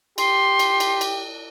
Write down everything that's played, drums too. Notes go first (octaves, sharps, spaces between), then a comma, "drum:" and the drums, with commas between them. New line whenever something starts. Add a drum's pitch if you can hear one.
G4 C6, drum: cymbal
drum: cymbal
drum: cymbal
drum: cymbal